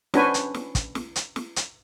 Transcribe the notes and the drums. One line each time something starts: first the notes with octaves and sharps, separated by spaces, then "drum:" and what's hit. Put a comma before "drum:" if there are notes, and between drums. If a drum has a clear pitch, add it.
C#4 D4 F#4 B4 C5 G#5, drum: snare
drum: hi-hat
drum: snare
drum: kick, hi-hat
drum: snare
drum: hi-hat
drum: snare
drum: hi-hat